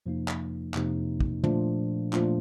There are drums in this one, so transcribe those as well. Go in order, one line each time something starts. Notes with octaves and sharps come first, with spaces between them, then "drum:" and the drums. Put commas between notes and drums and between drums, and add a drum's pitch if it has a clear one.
F2 C3 F3 A#3 D#4
drum: clap
F2 C3 F3 A#3 D#4, drum: clap
drum: kick
A#2 F3 A3 D4 F4, drum: tom
A#2 F3 A3 D4 F4, drum: clap